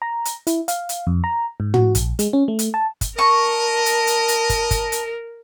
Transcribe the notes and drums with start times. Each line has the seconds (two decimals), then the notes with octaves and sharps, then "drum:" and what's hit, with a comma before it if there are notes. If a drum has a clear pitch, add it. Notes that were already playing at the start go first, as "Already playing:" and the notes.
0.02 A#5
0.25 drum: hi-hat
0.47 E4, drum: hi-hat
0.68 F5, drum: hi-hat
0.89 drum: hi-hat
1.07 F2
1.24 A#5
1.60 G#2
1.74 F#4, drum: tom
1.95 A#1, drum: hi-hat
2.19 G#3, drum: hi-hat
2.33 C#4
2.48 A3
2.59 drum: hi-hat
2.74 A5
3.01 drum: kick, hi-hat
3.19 A#4 D#5 A5 C#6
3.86 drum: hi-hat
4.07 drum: hi-hat
4.28 drum: hi-hat
4.50 drum: kick, hi-hat
4.71 drum: kick, hi-hat
4.92 drum: hi-hat